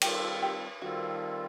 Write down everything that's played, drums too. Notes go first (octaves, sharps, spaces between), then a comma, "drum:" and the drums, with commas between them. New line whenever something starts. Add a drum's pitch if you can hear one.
D#3 G3 C4 F4 G4 A4, drum: cymbal
G4
D#3 G3 C4 F4 F#4 A4